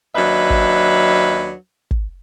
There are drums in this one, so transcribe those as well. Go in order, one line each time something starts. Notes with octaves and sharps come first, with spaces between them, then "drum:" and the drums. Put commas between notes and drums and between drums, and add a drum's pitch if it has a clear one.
D#2 F#3 D4 B4 D#5 E5
drum: kick
drum: kick